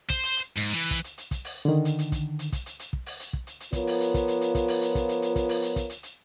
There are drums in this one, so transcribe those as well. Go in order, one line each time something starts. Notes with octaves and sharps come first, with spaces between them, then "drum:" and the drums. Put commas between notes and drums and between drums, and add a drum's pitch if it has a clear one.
C5, drum: kick, hi-hat
drum: hi-hat
drum: hi-hat
G#2
E3
drum: kick, hi-hat
drum: hi-hat
drum: hi-hat
drum: kick, hi-hat
drum: open hi-hat
D3 D#3
drum: hi-hat
drum: hi-hat
drum: kick, hi-hat
drum: hi-hat
drum: kick, hi-hat
drum: hi-hat
drum: hi-hat
drum: kick
drum: open hi-hat
drum: hi-hat
drum: kick
drum: hi-hat
drum: hi-hat
F3 B3 F4 A#4 C#5, drum: kick, hi-hat
drum: open hi-hat
drum: hi-hat
drum: kick, hi-hat
drum: hi-hat
drum: hi-hat
drum: kick, hi-hat
drum: open hi-hat
drum: hi-hat
drum: kick, hi-hat
drum: hi-hat
drum: hi-hat
drum: kick, hi-hat
drum: open hi-hat
drum: hi-hat
drum: kick, hi-hat
drum: hi-hat
drum: hi-hat